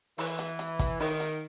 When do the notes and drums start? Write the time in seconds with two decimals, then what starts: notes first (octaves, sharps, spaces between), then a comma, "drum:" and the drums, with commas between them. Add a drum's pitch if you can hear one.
0.18 E3, drum: open hi-hat
0.39 drum: hi-hat
0.59 drum: hi-hat
0.79 drum: kick, hi-hat
1.00 D#3, drum: open hi-hat
1.20 drum: hi-hat